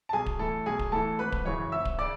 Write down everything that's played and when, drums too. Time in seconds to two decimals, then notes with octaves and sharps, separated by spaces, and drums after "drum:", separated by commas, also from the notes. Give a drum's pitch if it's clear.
0.09 A5
0.13 B1 G#4 G#5
0.26 drum: kick D1
0.39 A2 E3 A4 A5
0.66 B1 G#4 G#5
0.79 drum: kick D1
0.92 A2 E3 A4 A5
1.19 G#1 B4 B5
1.32 drum: kick D1
1.45 F#2 C#3 E3 C#5 C#6
1.72 G#1 E5 E6
1.85 drum: kick D1
1.99 C#3 D5 D6